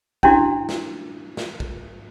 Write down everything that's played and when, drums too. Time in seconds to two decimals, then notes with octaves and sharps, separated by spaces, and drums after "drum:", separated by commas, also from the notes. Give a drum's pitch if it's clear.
0.23 C#4 D4 E4 F#4, drum: kick
0.69 drum: snare
1.37 drum: snare
1.60 drum: kick